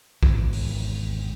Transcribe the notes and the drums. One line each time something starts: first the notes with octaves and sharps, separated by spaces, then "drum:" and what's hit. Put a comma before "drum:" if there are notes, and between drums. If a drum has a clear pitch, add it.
G#1 E2, drum: kick
drum: open hi-hat